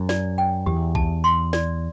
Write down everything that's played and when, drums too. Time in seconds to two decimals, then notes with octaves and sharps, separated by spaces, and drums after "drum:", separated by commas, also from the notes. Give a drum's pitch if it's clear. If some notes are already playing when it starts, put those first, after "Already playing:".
Already playing: F#2
0.09 D5, drum: snare
0.38 G5
0.66 E2 G4
0.95 A5, drum: kick B1
1.24 C6
1.53 D5, drum: snare